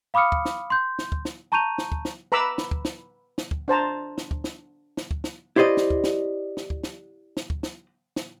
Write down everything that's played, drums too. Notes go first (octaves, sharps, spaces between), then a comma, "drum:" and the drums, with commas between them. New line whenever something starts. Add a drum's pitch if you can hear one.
F5 B5 D6 D#6 F6 C#7
drum: kick
drum: snare
C6 G6
drum: snare
drum: kick
drum: snare
A5 A#5 C#6 G6 D#7 F7
drum: snare
drum: kick
drum: snare
B4 A#5 B5 D6 E6
drum: snare
drum: kick
drum: snare
drum: snare
drum: kick
D4 C5 A5 A#5
drum: snare
drum: kick
drum: snare
drum: snare
drum: kick
drum: snare
E4 G4 C5 D5 D#5
drum: snare
drum: kick
drum: snare
drum: snare
drum: kick
drum: snare
drum: snare
drum: kick
drum: snare
drum: snare